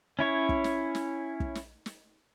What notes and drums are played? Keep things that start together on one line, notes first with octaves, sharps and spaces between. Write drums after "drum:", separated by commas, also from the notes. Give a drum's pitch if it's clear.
C#4 E4 C#5
drum: kick
drum: snare
drum: snare
drum: kick
drum: snare
drum: snare